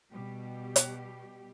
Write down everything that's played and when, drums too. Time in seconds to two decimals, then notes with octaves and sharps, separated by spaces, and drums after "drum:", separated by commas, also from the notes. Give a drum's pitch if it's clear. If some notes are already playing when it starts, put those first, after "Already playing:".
0.11 B2 G3 G4
0.76 drum: hi-hat